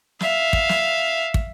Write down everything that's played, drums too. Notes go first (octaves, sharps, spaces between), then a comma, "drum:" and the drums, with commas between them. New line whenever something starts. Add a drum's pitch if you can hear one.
E5 F5, drum: snare
drum: kick
drum: snare
drum: kick